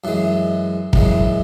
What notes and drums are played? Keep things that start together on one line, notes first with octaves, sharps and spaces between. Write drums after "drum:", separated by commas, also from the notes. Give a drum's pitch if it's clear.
F#2 E3 G#3
F#2 E3 G#3, drum: kick